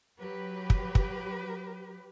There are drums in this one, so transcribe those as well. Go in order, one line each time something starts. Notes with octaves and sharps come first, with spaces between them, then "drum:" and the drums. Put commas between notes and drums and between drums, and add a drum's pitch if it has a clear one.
F#3 G4 B4
drum: kick
drum: kick